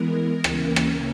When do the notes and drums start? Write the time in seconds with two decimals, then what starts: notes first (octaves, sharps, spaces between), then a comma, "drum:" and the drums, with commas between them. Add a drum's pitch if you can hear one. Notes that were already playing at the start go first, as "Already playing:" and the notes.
Already playing: E3 G#3 B3 A#4
0.44 C#3 E3 A#3 C#4, drum: rim click
0.76 drum: rim click